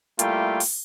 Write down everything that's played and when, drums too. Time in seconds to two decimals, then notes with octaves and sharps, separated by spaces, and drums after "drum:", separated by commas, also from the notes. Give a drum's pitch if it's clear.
0.19 G3 A3 A#3 E4 F4 G5, drum: hi-hat
0.60 drum: open hi-hat